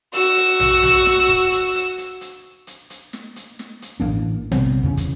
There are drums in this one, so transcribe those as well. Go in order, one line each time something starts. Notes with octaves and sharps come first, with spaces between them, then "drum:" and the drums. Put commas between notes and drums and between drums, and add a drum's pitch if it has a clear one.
F#4 E6, drum: hi-hat
drum: hi-hat
drum: tom A#1
drum: tom A#1
drum: snare
drum: kick
drum: hi-hat
drum: hi-hat
drum: hi-hat
drum: hi-hat
drum: hi-hat
drum: hi-hat
drum: snare
drum: hi-hat
drum: snare
drum: hi-hat
A1 D3 A#3 D4
C3 G3 B3 C4, drum: tom A#1
E2 C#3 B3 C#4
drum: kick, hi-hat